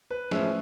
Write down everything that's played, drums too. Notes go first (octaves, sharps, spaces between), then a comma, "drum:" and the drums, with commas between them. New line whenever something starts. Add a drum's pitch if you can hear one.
B4
A2 F3 G#3 C#4 E5, drum: snare